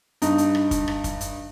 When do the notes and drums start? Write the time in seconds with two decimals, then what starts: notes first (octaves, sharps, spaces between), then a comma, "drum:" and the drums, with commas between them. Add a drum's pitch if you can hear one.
0.22 G2 D#4, drum: hi-hat
0.38 drum: hi-hat
0.55 drum: rim click
0.71 drum: kick, hi-hat
0.88 drum: rim click
1.04 drum: kick, hi-hat
1.21 drum: hi-hat